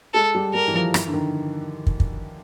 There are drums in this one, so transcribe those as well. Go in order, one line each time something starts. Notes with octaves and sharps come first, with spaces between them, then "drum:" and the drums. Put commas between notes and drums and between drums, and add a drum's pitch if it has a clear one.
G#3 A4
G3
G3 A#4
E3
F3
E3, drum: rim click
D3
D#3
drum: kick
drum: kick